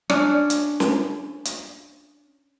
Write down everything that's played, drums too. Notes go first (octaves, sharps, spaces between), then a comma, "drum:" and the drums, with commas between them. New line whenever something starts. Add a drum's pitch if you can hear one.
C#4 D4, drum: rim click
drum: hi-hat
drum: snare
drum: hi-hat